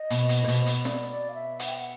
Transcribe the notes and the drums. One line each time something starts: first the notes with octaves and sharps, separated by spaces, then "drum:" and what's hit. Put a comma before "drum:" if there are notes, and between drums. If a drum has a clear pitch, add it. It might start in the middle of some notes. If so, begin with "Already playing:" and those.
Already playing: D#5
B2, drum: hi-hat
drum: hi-hat
A#2
B2, drum: hi-hat
drum: hi-hat
D5, drum: snare
D5
F5
E5
F#5, drum: hi-hat
G5
F#5